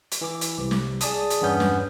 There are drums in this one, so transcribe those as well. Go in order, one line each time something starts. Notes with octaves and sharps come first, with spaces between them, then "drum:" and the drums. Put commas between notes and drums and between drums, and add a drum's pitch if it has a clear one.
drum: hi-hat
E3 D6
drum: hi-hat
C2
drum: snare
G#4 D5 A5 D#6, drum: hi-hat
drum: hi-hat
E2 G2 B3 C#4 G6
drum: snare